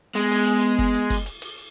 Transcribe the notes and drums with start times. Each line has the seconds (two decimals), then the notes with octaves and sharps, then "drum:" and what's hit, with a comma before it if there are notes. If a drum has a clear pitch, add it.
0.16 G#3 B3, drum: hi-hat
0.31 drum: open hi-hat
0.47 drum: hi-hat
0.79 drum: kick F#1, hi-hat
0.94 drum: hi-hat
1.10 drum: kick F#1, open hi-hat
1.26 drum: hi-hat
1.42 drum: open hi-hat